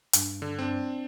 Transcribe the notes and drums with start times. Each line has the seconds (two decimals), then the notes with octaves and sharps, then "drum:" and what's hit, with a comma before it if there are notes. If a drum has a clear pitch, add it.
0.13 G2, drum: hi-hat
0.42 D3
0.59 C4 D4